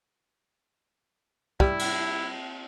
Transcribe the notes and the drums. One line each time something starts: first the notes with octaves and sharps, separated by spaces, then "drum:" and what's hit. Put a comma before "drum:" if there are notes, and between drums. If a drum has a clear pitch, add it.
G3 E4, drum: kick
drum: cymbal